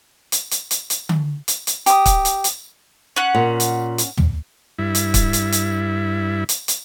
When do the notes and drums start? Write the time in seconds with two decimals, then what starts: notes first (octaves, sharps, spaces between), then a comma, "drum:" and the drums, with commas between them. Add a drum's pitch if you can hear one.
0.32 drum: hi-hat
0.51 drum: hi-hat
0.71 drum: hi-hat
0.90 drum: hi-hat
1.09 drum: tom D3
1.48 drum: hi-hat
1.67 drum: hi-hat
1.86 G4 D#6, drum: hi-hat
2.06 drum: kick, hi-hat
2.25 drum: hi-hat
2.44 drum: hi-hat
3.16 C#4 F#5
3.35 A#2
3.60 drum: hi-hat
3.98 drum: hi-hat
4.18 drum: tom
4.79 G2 E4
4.95 drum: hi-hat
5.14 drum: kick, hi-hat
5.33 drum: hi-hat
5.52 drum: hi-hat
6.49 drum: hi-hat
6.68 drum: hi-hat